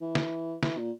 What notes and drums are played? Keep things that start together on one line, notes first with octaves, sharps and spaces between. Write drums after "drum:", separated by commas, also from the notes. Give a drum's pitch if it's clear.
E3
drum: snare
E3, drum: snare
A#2